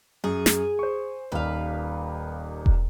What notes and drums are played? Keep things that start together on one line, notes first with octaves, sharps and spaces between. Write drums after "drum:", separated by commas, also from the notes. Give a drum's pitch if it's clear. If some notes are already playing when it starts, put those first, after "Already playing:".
F#2 G#4
drum: snare
C5 C#6
D#1 D#2 B4 F5
drum: kick E1